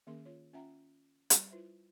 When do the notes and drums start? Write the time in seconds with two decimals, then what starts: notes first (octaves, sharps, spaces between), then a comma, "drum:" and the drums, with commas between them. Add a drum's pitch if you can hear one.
0.07 D#3 A#3 C#4 G#4 A#4 C6
0.26 F4 C#5
0.53 C#4 F4 E5 F#5 G5 A#5
1.30 G3, drum: hi-hat
1.50 E4 F4 B4 C5 E5